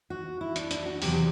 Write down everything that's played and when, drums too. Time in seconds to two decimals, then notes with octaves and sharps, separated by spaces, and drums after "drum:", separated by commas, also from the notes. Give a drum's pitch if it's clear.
0.10 F#4
0.41 E4
0.56 D4, drum: hi-hat
0.71 D4, drum: hi-hat
0.86 F#4
1.02 E2 C3 F#3 G4, drum: open hi-hat